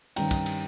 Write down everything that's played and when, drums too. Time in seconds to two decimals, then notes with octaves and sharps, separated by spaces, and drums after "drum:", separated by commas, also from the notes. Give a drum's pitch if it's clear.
0.16 G2 D#3 G3 C#4 G5 A#5, drum: cymbal
0.31 drum: kick, cymbal
0.46 drum: cymbal